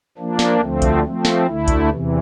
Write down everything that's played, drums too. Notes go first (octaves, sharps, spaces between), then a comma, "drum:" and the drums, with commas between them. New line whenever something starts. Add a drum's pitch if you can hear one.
F3 A#3 D4
drum: snare
D2 D3 F3 A3 C4
drum: kick B1, hi-hat
F3 A3 C4
drum: snare
D2 D3 A3 E4
drum: kick B1, hi-hat
E2 C3 E3